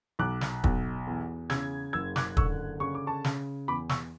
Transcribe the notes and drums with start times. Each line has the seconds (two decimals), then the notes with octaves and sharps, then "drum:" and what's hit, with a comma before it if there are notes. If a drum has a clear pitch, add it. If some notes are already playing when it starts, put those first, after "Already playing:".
0.19 B1 D6 F#6
0.41 drum: snare
0.64 B1, drum: kick
1.07 E2
1.50 C#3 E6 G#6, drum: snare
1.93 F#1 E6 G#6
2.16 D6 F#6, drum: snare
2.37 D3 C#6 E6, drum: kick
2.80 C#3 C#6
2.95 D6
3.07 A5 C#6
3.24 C#3, drum: snare
3.68 E2 B5 D6
3.89 C#6 E6, drum: snare